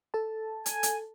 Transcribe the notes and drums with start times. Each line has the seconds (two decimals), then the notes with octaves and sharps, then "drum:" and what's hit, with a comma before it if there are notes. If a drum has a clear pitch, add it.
0.14 A4 A5
0.66 G#5, drum: hi-hat
0.83 drum: hi-hat